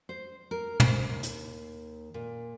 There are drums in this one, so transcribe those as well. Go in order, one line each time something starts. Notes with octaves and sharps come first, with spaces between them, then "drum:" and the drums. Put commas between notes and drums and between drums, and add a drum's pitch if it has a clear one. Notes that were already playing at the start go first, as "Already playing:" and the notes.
C5
A#4
C5, drum: tom
D#2
drum: hi-hat
A#2